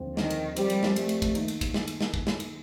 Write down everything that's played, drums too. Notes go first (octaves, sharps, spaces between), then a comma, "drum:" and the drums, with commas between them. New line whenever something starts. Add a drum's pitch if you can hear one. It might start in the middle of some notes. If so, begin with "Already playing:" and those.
Already playing: D#2 D3 F3 C4
D#3, drum: snare
drum: cymbal
F3 G3 C4 G4 A#4 D5, drum: cymbal
drum: cymbal
drum: snare
A3, drum: cymbal
drum: cymbal
drum: kick, cymbal
D#3 A#3 D#4, drum: cymbal
drum: cymbal
drum: kick, cymbal
drum: snare
drum: cymbal
drum: snare
drum: kick
drum: snare
drum: cymbal